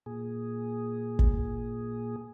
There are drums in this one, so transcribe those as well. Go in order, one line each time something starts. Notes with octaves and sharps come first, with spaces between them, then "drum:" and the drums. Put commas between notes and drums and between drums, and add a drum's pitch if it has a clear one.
A#2 G#4
drum: kick